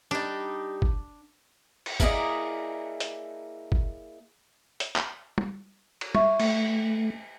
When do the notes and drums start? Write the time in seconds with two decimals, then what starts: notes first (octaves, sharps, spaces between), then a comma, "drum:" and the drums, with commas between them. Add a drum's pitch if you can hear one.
0.11 G3 D4 D#4
0.82 drum: kick
1.86 drum: cymbal
2.00 A#3 E4 G#4 A#4 D5 D#5, drum: kick
3.00 drum: hi-hat
3.72 drum: kick
4.80 drum: hi-hat
4.96 drum: clap
5.38 drum: tom
6.01 drum: cymbal
6.15 E5 C#6, drum: tom
6.40 A3, drum: cymbal